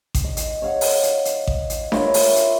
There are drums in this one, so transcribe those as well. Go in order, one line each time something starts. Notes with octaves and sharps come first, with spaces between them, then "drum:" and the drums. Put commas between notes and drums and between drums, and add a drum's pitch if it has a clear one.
drum: kick A1, hi-hat
D#5
drum: hi-hat
C#5 F5 F#5
drum: open hi-hat
drum: hi-hat
drum: hi-hat
drum: kick A1
drum: hi-hat
E4 F4 A#4 C#5, drum: snare D4
drum: open hi-hat
drum: hi-hat